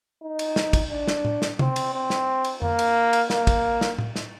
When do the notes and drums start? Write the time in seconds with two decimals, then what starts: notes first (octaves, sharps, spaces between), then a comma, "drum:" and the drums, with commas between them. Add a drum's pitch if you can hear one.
0.22 D#4
0.39 drum: cymbal
0.56 drum: snare
0.73 drum: kick, cymbal
0.90 D4
1.08 drum: snare
1.25 drum: tom A2
1.42 drum: snare
1.59 C4, drum: tom C3
1.76 drum: cymbal
1.93 C4
2.10 drum: snare
2.44 drum: cymbal
2.62 A#3, drum: tom F2
2.79 drum: cymbal
3.13 drum: cymbal
3.30 A#3, drum: snare
3.47 drum: kick, cymbal
3.81 drum: snare
3.98 drum: tom A2
4.16 drum: snare